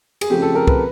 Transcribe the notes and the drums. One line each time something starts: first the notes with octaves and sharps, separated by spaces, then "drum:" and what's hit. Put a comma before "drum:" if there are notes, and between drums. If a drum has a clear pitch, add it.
G#4, drum: cymbal
C#3 F3 A3 C4 G4
A4
A#4
B4, drum: kick